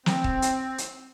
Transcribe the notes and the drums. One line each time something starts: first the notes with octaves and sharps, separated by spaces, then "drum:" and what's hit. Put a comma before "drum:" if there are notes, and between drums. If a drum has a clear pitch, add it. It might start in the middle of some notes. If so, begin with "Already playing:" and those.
C4, drum: snare
drum: kick D#1
drum: hi-hat
drum: hi-hat